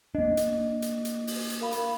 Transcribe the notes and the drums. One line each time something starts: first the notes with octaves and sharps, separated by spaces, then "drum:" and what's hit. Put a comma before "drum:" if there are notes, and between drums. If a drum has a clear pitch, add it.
A#3 D4 D#5
drum: hi-hat
drum: hi-hat
drum: hi-hat
drum: open hi-hat
drum: hi-hat
A#4 F5 B5
drum: hi-hat